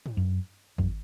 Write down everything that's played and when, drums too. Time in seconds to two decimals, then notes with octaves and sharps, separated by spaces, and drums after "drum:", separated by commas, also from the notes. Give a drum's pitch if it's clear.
0.06 drum: tom
0.17 F#2
0.78 F#2, drum: kick G#1